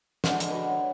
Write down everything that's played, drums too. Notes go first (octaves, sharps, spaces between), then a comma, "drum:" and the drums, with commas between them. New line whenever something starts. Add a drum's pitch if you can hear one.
D3 G#3, drum: snare
drum: hi-hat
F#4 B4
C#5